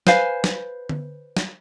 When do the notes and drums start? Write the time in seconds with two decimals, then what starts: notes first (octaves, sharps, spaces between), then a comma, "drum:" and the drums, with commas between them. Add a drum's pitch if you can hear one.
0.07 B4 C5 F5 G#5, drum: snare
0.44 drum: snare
0.89 drum: tom D3
1.37 drum: snare